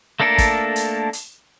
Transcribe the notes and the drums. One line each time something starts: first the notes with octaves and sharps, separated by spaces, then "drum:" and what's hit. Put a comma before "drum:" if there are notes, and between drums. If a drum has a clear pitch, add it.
A3 A#3 D4 A4 A#4
drum: kick, hi-hat
drum: hi-hat
drum: hi-hat